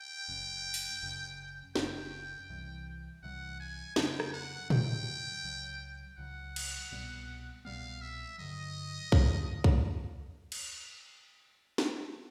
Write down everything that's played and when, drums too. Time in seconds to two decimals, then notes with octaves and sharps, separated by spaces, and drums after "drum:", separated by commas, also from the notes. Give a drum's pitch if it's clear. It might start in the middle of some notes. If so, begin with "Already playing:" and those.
Already playing: G5
0.28 F#1 F#2 C#3
0.74 drum: open hi-hat
1.02 F#1 F#2 C#3
1.75 F#1 F#2 C#3 G5, drum: snare
2.49 C2 C3 E3 G3
3.23 C2 C3 E3 G3 F#5
3.60 G#5
3.96 F2 C#3 F#3 G5, drum: snare
4.20 drum: rim click
4.34 F#5
4.70 F2 C#3 F#3 G5, drum: tom A2
5.44 C#2 C#3 F#3
6.18 C#2 C#3 F#3 F#5
6.56 drum: cymbal
6.91 C2 B2 G3 B3
7.65 C2 B2 G3 B3 F5
8.01 E5
8.38 G2 D3 F#3 D#5
9.12 G2 D3 F#3, drum: kick B1
9.64 drum: kick B1
10.52 drum: cymbal
11.78 drum: snare